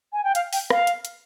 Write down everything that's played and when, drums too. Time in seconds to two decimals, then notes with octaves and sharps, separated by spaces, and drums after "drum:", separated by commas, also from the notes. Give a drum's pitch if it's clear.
0.13 G#5
0.24 G5
0.35 F5, drum: hi-hat
0.53 G5, drum: open hi-hat
0.70 F5, drum: rim click
0.87 drum: hi-hat
1.05 drum: hi-hat